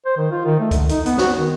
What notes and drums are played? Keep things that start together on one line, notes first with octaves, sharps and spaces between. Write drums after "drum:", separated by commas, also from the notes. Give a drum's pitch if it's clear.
C5
D#3
F4
D#3
A3
D3, drum: kick C#2, hi-hat
D#4, drum: hi-hat
B3, drum: hi-hat
F#4, drum: snare
D#3